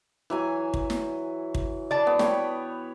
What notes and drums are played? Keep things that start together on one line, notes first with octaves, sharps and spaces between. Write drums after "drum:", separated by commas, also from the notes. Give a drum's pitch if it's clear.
E3 F#3 G#5
drum: kick
drum: snare
drum: kick
D5 A5
B3
C#5 G5 B5, drum: snare